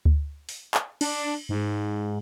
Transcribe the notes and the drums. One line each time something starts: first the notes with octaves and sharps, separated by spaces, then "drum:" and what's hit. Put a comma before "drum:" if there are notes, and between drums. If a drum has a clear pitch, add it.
drum: kick D2
drum: open hi-hat
drum: clap
D4, drum: cymbal
G#2